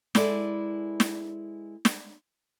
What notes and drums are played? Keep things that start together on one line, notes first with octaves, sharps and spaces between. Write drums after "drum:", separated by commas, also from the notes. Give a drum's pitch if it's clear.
G#3 E4 A4 B4 D5, drum: snare
drum: snare
drum: snare